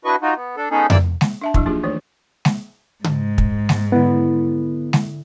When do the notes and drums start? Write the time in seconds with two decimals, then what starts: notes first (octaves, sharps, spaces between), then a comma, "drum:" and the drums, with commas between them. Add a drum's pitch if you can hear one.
0.05 D4 E4 F#4 B4 D#5 C#6
0.22 D#4 F4 F#4
0.36 B3
0.57 D4 A4
0.71 G#3 B3 C#4 D#4 G#4 A4
0.90 G#2 C#3 E3 A#3 D5 E6, drum: tom F2
1.21 drum: snare G#3
1.41 D4 E5 A5
1.54 F3 F#3 D4 E4, drum: kick
1.66 A#3 D4 D#4 F4 G4 G#4
1.83 D#3 E3 A3 D4 C#5
2.45 drum: snare G#3
3.04 G#2, drum: tom C#3
3.38 drum: kick
3.69 drum: snare G#3
3.92 D3 B3 E4
4.93 drum: snare G#3